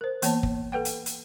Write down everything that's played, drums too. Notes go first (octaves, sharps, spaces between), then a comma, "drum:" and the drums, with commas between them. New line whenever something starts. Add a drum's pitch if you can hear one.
A#4 C5
E3 A#3 B3 C#5 A5, drum: hi-hat
drum: kick
A4 B4 F#5 G5
drum: hi-hat
drum: hi-hat